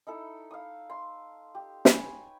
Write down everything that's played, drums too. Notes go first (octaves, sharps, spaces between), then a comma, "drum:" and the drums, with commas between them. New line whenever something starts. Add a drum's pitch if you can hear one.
D#4 E4 A4
F5 D#6
C6
G4
B4 C#5 G5 G#5, drum: snare